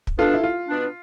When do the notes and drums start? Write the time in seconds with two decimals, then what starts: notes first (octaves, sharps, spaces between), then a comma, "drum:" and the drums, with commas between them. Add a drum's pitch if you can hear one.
0.07 drum: kick
0.18 B2 B3 D4 F4 A4
0.34 E4
0.44 F4
0.69 B2 B3 D4